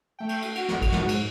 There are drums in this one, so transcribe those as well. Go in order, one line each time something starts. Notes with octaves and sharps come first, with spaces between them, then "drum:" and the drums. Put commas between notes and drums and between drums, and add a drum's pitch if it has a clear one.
A3 G5
drum: cymbal
drum: cymbal
F#4, drum: cymbal
drum: snare
drum: kick, cymbal
G#2, drum: snare
drum: cymbal